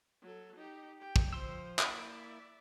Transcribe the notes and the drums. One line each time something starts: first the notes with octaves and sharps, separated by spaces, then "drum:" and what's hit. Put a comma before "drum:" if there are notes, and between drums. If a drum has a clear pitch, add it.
F#3 A4
D#4 G4
G4 G5
drum: kick
F3 C5 C6 E6
A#3 E4 D5 E5, drum: clap